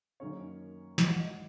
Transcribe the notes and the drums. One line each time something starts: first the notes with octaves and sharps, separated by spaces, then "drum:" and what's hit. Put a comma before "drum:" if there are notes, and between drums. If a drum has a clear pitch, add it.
F#2 D#3 A#3 C#4 C#5
G#1 G#2 F#3 D#5, drum: snare
F#5
D#5